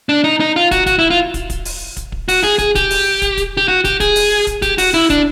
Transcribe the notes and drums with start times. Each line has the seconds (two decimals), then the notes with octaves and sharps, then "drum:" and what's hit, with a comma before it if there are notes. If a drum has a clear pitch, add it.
0.09 D4
0.24 D#4
0.40 D#4
0.56 F4
0.71 F#4, drum: kick, hi-hat
0.86 F#4, drum: kick, hi-hat
0.99 E4
1.10 F4
1.34 drum: kick, hi-hat
1.50 drum: kick, hi-hat
1.65 drum: open hi-hat
1.97 drum: kick, hi-hat
2.12 drum: kick
2.28 F#4, drum: open hi-hat
2.43 G#4
2.59 G#4, drum: kick, hi-hat
2.75 G4, drum: kick, hi-hat
2.90 drum: open hi-hat
3.22 drum: kick, hi-hat
3.37 drum: kick, hi-hat
3.57 G4
3.68 F#4
3.85 G4, drum: kick, hi-hat
4.00 G#4, drum: kick, hi-hat
4.16 drum: open hi-hat
4.47 drum: kick, hi-hat
4.62 G4, drum: kick, hi-hat
4.78 F#4, drum: open hi-hat
4.94 E4
5.10 D4, drum: kick, hi-hat